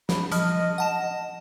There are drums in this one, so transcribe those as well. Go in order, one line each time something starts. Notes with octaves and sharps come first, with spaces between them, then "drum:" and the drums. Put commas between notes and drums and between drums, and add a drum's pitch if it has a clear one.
B5, drum: snare
F3 D#5 F6, drum: hi-hat
F#5 A5 E7